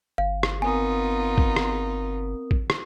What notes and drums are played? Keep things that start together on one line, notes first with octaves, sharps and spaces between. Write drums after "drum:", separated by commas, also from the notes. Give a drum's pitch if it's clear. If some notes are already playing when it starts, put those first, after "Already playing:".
G1 F5
drum: rim click
B3 C4 D#4 F4 A#4 G#5 D#6
drum: kick A1
drum: rim click
drum: kick A1
drum: rim click